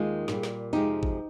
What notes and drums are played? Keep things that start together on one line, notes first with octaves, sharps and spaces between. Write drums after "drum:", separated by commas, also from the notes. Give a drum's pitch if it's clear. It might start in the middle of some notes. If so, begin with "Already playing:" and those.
Already playing: D#2 D#3 G#3 F4 G#4
A#2 G3, drum: snare
drum: snare
F2 C3 F3 G#3 D#4 G4
drum: kick A1